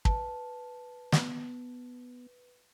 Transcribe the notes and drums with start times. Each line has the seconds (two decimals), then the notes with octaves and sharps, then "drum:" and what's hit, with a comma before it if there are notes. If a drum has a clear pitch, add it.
0.05 B4 A5, drum: kick
1.12 B3, drum: snare